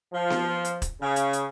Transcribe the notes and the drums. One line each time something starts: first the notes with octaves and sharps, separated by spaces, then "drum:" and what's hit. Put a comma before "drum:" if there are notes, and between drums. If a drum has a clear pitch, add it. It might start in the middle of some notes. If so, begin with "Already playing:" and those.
F3
drum: snare B3
drum: hi-hat
drum: kick, hi-hat
C#3
drum: hi-hat
drum: hi-hat